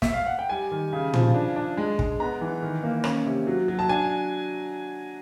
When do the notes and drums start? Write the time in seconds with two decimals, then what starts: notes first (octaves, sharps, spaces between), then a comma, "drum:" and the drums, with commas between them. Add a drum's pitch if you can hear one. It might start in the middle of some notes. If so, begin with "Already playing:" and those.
0.02 E5, drum: snare
0.14 F5
0.27 F#5
0.39 G5
0.49 G3 G#5
0.71 D#3
0.93 C#3
1.14 F3, drum: tom A#2
1.34 D4
1.56 D4
1.77 G#3
1.99 G#3, drum: kick
2.20 B3 A#5
2.41 E3
2.62 D#3
2.83 A#3
3.04 C#4, drum: rim click
3.26 C3
3.47 F#3
3.68 F#3
3.79 A5
3.89 D4 G#5